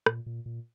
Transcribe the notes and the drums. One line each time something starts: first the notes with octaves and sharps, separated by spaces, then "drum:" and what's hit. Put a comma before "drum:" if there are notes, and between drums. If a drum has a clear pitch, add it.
A#2, drum: rim click
A#2
A#2